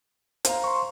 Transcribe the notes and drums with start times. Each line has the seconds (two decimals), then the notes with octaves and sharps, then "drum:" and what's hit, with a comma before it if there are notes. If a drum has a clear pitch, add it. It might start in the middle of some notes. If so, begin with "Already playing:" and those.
0.45 C5 F5 A#5, drum: hi-hat
0.64 C6 C#6